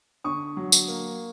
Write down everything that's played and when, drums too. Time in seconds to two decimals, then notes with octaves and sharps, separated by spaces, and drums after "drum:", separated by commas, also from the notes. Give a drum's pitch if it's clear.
0.24 D3 C#6 D#6
0.57 F#3
0.72 drum: tambourine
0.88 A#3